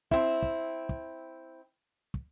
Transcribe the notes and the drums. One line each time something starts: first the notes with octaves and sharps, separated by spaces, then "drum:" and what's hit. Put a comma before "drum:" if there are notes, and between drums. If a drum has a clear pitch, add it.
C4 E4, drum: kick
drum: kick
drum: kick
drum: kick